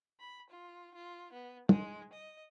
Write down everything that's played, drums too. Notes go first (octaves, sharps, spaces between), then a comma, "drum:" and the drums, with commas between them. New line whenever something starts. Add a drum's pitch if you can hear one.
B5
F4
F4
B3
G#3, drum: tom
D#5